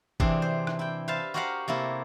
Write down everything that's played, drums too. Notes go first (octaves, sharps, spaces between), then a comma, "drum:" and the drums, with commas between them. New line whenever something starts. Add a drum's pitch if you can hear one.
C3 E3 C4 D4 G#4, drum: kick G#1
C5
drum: rim click
E4 G5
B4 C5 E5 F5 A5
F#4 G4 A#4 C5 F5 F#5
C3 A#3 E4 A4